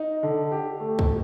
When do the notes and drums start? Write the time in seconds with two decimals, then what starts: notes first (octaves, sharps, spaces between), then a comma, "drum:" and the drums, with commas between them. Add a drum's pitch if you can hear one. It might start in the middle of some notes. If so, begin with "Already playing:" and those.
Already playing: D#4
0.23 D3
0.52 G4
0.80 A3
0.99 drum: kick